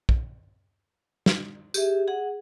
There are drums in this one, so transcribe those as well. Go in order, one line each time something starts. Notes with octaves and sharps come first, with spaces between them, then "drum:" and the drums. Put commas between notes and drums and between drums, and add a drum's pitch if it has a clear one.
drum: kick
drum: snare
G4 G#4 E5, drum: tambourine
G#4 F#5